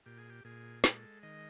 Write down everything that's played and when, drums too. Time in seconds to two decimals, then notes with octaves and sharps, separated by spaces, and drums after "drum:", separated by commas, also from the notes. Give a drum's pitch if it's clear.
0.06 A#2 G4
0.18 G#4
0.29 G4
0.44 A#2 G#4
0.84 G#3 A4, drum: snare
1.23 D#3 D#5